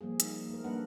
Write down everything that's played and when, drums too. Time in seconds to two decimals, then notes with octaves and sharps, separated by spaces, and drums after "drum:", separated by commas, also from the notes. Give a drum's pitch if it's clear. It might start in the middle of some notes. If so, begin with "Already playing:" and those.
0.01 F3 G3 A#3 G#4
0.20 D#4, drum: hi-hat
0.49 A3 A#4
0.64 G3 A#3 D4 B4 F#5